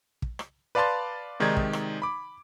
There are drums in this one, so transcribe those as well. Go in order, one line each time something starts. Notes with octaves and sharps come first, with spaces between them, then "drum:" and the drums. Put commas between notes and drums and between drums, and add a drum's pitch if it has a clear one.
drum: kick
drum: rim click
B4 D5 F5 A5 C6 A6
C3 D#3 G#3 D#4 D5 G#6
drum: kick
drum: rim click
B5 D6